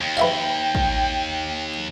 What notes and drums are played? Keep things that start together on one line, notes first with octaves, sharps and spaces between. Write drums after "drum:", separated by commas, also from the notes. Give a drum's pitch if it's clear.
D#2 G5
B4 E5 F5
drum: kick